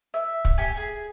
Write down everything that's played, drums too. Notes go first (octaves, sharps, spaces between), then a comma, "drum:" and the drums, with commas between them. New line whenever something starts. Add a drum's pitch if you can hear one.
E5
drum: kick
A3 G4 G#5
G#4